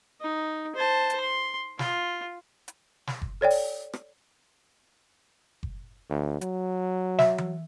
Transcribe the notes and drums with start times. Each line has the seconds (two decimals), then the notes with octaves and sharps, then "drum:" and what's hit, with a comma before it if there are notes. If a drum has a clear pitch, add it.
0.21 D#4
0.76 C5 A5
1.10 drum: hi-hat
1.20 C6
1.79 F4, drum: snare
2.68 drum: hi-hat
3.07 drum: snare
3.22 drum: kick F#1
3.41 A4 C#5 D5 G5
3.50 drum: open hi-hat
3.93 drum: rim click
5.63 drum: kick F#1
6.10 D2
6.41 F#3, drum: hi-hat
7.19 E5, drum: snare
7.38 drum: tom E3